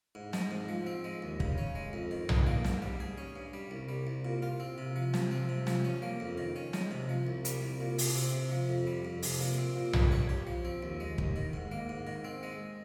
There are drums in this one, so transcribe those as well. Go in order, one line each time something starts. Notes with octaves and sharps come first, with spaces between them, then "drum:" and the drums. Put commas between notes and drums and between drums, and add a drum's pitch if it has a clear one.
G#2
G#3, drum: snare
G#2
F3
C4
G#3
D#2
C#3, drum: kick
C#4
G#3
F2
D#3
D#4, drum: tom B1
A#3
G#2, drum: snare
G3
G#4
C#4
G2
G3
C2
G3
C2
A#2
F4
C4
C3
F3
C3, drum: snare
C4
C3
F3, drum: snare
C#4
A#3
F2
D#3
C#4
G#3, drum: snare
C3
F3
C2
G3, drum: hi-hat
C2
A#2
C3, drum: open hi-hat
C4
C3
F3
F2
G3
F2
C3, drum: open hi-hat
A#2
C4
A#2
G3, drum: tom B1
C#5
G4
F3
C4
D#2
G#3
D#2, drum: kick
D#3
G#2
A#3
G#2
D#3
C4
G#3